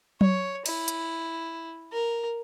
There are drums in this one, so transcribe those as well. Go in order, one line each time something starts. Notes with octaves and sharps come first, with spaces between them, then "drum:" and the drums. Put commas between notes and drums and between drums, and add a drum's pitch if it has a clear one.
C#5, drum: tom F#3
E4, drum: cymbal
drum: hi-hat
A#4